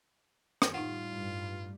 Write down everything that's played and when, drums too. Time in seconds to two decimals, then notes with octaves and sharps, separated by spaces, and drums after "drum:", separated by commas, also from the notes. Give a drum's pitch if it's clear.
0.62 drum: rim click
0.74 A2 G3 D#4 F4 F#5
1.13 G2